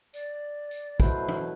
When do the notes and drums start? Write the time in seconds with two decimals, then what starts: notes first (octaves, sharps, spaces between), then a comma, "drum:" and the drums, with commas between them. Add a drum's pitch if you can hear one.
0.14 D5, drum: tambourine
0.71 drum: tambourine
1.00 B2 F#3 A3 E4 B4 C5, drum: kick, tambourine
1.29 drum: tom